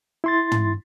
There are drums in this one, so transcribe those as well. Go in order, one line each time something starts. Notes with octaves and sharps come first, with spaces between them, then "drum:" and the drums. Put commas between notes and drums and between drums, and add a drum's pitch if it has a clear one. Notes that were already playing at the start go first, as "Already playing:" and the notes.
E4 C6 A6
drum: tom